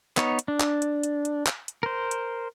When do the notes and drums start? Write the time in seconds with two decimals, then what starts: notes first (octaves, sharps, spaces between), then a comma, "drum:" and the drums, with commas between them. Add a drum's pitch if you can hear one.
0.17 B3 D#4 C#5, drum: clap
0.39 drum: hi-hat
0.48 D4
0.60 drum: clap
0.82 drum: hi-hat
1.03 drum: hi-hat
1.25 drum: hi-hat
1.47 drum: clap
1.68 drum: hi-hat
1.83 A#4 C5
2.11 drum: hi-hat